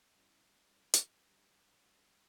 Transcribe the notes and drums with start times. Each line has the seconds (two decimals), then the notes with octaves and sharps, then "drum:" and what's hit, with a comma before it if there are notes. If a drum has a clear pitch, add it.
0.15 G3 C#4 E4
0.71 G3 C#4 E4
0.94 drum: hi-hat
1.27 G3 D4 G4
1.82 G3 D4 G4